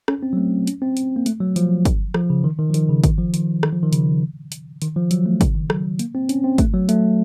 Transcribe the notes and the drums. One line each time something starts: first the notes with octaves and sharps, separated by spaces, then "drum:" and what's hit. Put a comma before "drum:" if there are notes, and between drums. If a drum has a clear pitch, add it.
C#4, drum: rim click
C4
F#3
A3
C#4, drum: hi-hat
C4
drum: hi-hat
A#3
A3, drum: hi-hat
F#3
F3, drum: hi-hat
drum: kick, hi-hat
F3, drum: rim click
C#3
D#3
D#3
F3
D#3, drum: hi-hat
C#3
D#3, drum: kick, hi-hat
F3
D#3, drum: hi-hat
D#3, drum: rim click
F3
D#3
C#3, drum: hi-hat
drum: hi-hat
D#3, drum: hi-hat
F3
F#3, drum: hi-hat
A3
C#3, drum: kick, hi-hat
D#3
F#3, drum: rim click
A#3, drum: hi-hat
C4
C#4, drum: hi-hat
C4
A3, drum: kick, hi-hat
F#3
A3, drum: hi-hat